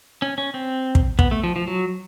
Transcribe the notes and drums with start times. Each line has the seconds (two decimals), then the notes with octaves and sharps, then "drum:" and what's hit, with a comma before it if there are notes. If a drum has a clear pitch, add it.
0.22 C#4
0.38 C#4
0.54 C4
0.95 drum: kick
1.19 B3, drum: kick
1.31 A3
1.44 F3
1.56 F3
1.67 F#3